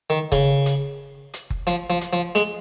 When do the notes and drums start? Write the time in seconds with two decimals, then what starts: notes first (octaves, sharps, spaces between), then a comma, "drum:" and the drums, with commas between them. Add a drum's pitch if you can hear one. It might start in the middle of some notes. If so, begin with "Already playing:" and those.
0.10 D#3
0.32 C#3, drum: kick F#1, hi-hat
0.66 drum: hi-hat
1.34 drum: hi-hat
1.50 drum: kick F#1
1.67 F3, drum: hi-hat
1.90 F3
2.01 drum: hi-hat
2.13 F3
2.35 G#3, drum: hi-hat